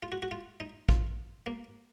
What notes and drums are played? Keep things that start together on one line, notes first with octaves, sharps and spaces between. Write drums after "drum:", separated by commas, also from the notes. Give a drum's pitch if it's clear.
F4
F#4
F#4
F4
D#4
F4, drum: kick
A#3